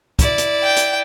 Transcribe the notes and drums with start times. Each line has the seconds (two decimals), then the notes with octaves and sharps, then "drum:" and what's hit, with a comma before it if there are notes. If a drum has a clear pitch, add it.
0.19 E4 D5, drum: kick, hi-hat
0.38 drum: hi-hat
0.64 G5
0.76 drum: hi-hat